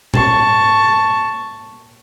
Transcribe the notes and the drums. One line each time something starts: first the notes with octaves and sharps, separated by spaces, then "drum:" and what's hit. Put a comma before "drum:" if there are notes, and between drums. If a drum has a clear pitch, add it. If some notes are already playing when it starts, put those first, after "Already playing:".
A5 C#6, drum: tom A#2